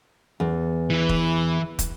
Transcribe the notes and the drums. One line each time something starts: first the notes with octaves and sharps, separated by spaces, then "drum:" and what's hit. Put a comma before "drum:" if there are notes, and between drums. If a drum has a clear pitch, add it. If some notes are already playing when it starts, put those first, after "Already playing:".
E2
E3 B4
drum: kick
drum: kick, hi-hat